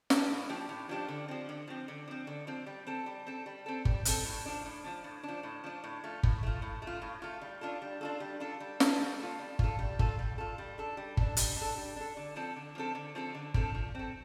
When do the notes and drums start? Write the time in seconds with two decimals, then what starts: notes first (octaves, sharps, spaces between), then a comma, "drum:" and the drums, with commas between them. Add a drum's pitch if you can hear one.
0.10 F3 D4 G4, drum: snare
0.30 A2
0.49 F3 D4 G4
0.69 A2
0.89 F3 D4 G4
1.08 D3
1.28 F3 C4
1.49 D3
1.68 F3 C4
1.88 D3
2.08 F3 C4
2.27 D3
2.47 F3 C4
2.66 G3
2.87 C4 A4
3.06 G3
3.27 C4 A4
3.46 G3
3.66 C4 A4
3.85 G3, drum: kick G1
4.05 C4 A4, drum: hi-hat
4.25 A2
4.46 F3 D4
4.65 A2
4.84 F3 D4
5.04 A2
5.23 F3 D4
5.43 A2
5.64 F3 D4
5.84 A2
6.04 A3 F4
6.23 A2, drum: kick G1
6.43 A3 F4
6.62 A2
6.82 A3
6.87 F4
7.02 A2
7.22 A3 F4
7.41 G3
7.61 D4 F4 A4
7.82 G3
8.01 D4 F4 A4
8.20 G3
8.40 D4 F4 A4
8.60 G3
8.80 D4 F4 A4, drum: snare
9.00 G3
9.19 F4 A4
9.39 G3
9.59 F4 A4, drum: kick G1
9.79 G3
9.99 F4 A4, drum: kick G1
10.19 G3
10.38 F4 A4
10.58 G3
10.78 D4 A4
10.97 G3
11.17 D4 A4, drum: kick G1
11.37 G3, drum: hi-hat
11.56 D4
11.61 A4
11.77 G3
11.96 D4 A4
12.17 D3
12.36 F3 C4 A4
12.56 D3
12.75 F3 C4 A4
12.95 D3
13.15 F3 C4 A4
13.35 D3
13.54 F3 C4 A4, drum: kick G1
13.75 F3
13.95 C4 A4